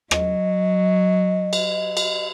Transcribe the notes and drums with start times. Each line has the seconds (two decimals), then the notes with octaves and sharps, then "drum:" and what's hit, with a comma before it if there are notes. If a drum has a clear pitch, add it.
0.11 F#3 D#5, drum: rim click
1.53 drum: cymbal
1.97 drum: cymbal